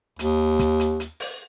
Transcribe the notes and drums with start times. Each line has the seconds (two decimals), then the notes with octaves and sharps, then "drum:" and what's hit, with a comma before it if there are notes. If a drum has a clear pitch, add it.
0.19 D#2, drum: hi-hat
0.59 drum: kick, hi-hat
0.80 drum: hi-hat
1.00 drum: hi-hat
1.20 drum: open hi-hat